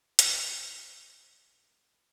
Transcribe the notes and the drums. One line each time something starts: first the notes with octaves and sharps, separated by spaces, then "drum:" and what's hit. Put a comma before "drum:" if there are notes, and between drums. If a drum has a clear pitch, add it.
B2 G#3 F4, drum: hi-hat
D2 D3 D#3
D#6
F#5